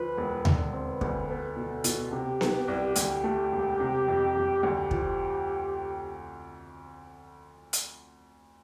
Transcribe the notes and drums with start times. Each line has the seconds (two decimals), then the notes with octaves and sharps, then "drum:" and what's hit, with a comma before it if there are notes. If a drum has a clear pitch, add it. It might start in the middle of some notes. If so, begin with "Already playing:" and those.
Already playing: D2 F3 B4
0.17 E1
0.45 D3, drum: tom D#2
0.73 C4
0.87 B4
1.01 D2, drum: kick
1.29 B3 A4
1.56 B2
1.84 B2, drum: hi-hat
2.12 C3 G4
2.41 B3, drum: snare B3
2.68 C2
2.96 D2 G4, drum: hi-hat
3.24 A3
3.52 E1
3.80 C3
4.08 F2
4.35 F2
4.63 D2 G4
4.91 F3, drum: kick
7.73 drum: hi-hat